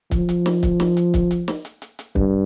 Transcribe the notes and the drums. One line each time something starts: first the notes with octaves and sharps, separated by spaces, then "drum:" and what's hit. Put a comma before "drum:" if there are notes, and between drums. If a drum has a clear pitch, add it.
F3, drum: kick, hi-hat
drum: hi-hat
drum: snare
drum: kick, hi-hat
drum: snare
drum: hi-hat
drum: kick, hi-hat
drum: hi-hat
drum: snare
drum: hi-hat
drum: hi-hat
drum: hi-hat
G2, drum: kick